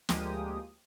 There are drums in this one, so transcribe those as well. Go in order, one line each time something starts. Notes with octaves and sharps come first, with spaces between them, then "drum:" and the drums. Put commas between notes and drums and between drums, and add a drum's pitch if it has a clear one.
D2 F3 G#3 A#3 G4 D#6, drum: snare